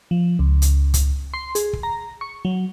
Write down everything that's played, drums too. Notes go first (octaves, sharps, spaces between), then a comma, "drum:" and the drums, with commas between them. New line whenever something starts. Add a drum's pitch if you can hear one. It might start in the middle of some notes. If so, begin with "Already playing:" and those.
F3
C#2
drum: hi-hat
drum: kick, hi-hat
C6
G#4, drum: hi-hat
drum: kick
A#5
C#6
F#3